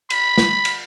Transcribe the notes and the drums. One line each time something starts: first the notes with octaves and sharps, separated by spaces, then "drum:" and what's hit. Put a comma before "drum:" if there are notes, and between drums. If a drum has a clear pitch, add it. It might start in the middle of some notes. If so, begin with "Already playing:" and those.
B5, drum: cymbal
drum: snare
drum: cymbal